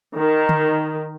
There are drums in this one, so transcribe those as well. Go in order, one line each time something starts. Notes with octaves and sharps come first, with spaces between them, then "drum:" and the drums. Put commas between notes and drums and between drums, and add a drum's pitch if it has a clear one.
D#3
drum: tom D3